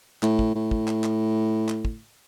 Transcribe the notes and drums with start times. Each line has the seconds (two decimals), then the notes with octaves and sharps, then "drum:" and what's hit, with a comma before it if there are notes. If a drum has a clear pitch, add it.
0.23 A2, drum: clap
0.39 drum: kick
0.55 A2
0.71 drum: kick
0.88 drum: clap
1.04 drum: clap
1.68 drum: clap
1.85 drum: kick